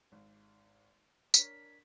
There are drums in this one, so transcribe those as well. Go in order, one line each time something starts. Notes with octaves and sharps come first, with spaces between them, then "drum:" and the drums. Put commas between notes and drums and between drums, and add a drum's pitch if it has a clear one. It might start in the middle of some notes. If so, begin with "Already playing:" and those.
G#1
D4 A#4 C#5 B6, drum: tambourine